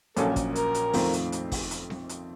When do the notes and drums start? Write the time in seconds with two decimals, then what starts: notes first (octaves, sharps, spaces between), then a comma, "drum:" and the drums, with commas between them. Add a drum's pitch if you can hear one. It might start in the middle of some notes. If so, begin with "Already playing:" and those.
0.16 A#1 A#2 F#3 A#3 C#4 A4, drum: hi-hat
0.36 drum: kick, hi-hat
0.55 A#4, drum: hi-hat
0.75 drum: hi-hat
0.93 F2 D#3 A3 C4 F4, drum: open hi-hat
1.13 drum: hi-hat
1.32 drum: hi-hat
1.52 drum: kick, open hi-hat
1.71 drum: hi-hat
1.90 drum: snare C4
2.09 drum: hi-hat